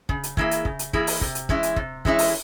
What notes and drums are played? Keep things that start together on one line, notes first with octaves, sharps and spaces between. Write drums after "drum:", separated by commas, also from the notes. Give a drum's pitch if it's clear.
C#3, drum: kick
drum: hi-hat
E3 A#3 E4 G#4, drum: kick
drum: hi-hat
C#3, drum: kick
drum: hi-hat
E3 A#3 E4 G#4, drum: kick
drum: open hi-hat
C3, drum: kick
drum: hi-hat
E3 G#3 C#4 E4, drum: kick
drum: hi-hat
C3, drum: kick
E3 G#3 C#4 E4, drum: kick
drum: open hi-hat